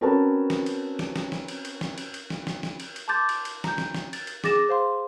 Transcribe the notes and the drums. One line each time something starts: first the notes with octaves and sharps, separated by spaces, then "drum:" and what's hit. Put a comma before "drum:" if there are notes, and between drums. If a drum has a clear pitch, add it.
C4 C#4 F#4 A#4 B4 A5
drum: snare
drum: cymbal
drum: snare
drum: snare
drum: snare
drum: cymbal
drum: cymbal
drum: snare
drum: cymbal
drum: cymbal
drum: snare
drum: snare
drum: snare
drum: cymbal
drum: cymbal
A5 C6 D6 G6 A6
drum: cymbal
drum: cymbal
A#5 G6, drum: snare
drum: snare
drum: snare
A6, drum: cymbal
drum: cymbal
G#4 D6 A6 A#6 E7, drum: snare
C5 F5 C6